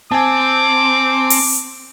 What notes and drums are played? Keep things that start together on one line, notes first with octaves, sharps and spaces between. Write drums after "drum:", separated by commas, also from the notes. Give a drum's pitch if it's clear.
C4 G#5 A5 D6
drum: open hi-hat